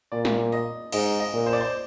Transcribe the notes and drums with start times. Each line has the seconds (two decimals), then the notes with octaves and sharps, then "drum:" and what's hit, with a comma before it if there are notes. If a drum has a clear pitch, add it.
0.12 A#2 D5
0.25 drum: snare
0.52 D#5
0.92 G#2 D#5, drum: cymbal
1.20 D#5
1.33 A#2
1.46 C5
1.53 D5
1.61 C5